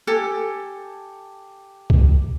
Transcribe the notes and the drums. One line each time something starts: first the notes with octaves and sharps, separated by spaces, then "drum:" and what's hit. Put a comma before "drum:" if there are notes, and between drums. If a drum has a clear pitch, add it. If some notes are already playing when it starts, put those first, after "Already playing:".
G4 A4 G#5
drum: kick C2